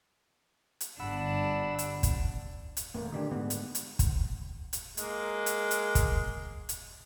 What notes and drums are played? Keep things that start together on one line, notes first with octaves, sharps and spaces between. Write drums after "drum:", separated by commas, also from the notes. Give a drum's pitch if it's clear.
drum: hi-hat
G1 D4 F#5 B5 E6
drum: hi-hat
drum: kick, hi-hat
drum: hi-hat
D#1 F2 A3 A#3
D3 D4 G4
G#2 B3
drum: hi-hat
drum: hi-hat
drum: kick, hi-hat
drum: hi-hat
G#3 A#3, drum: hi-hat
drum: hi-hat
drum: hi-hat
drum: kick, hi-hat
drum: hi-hat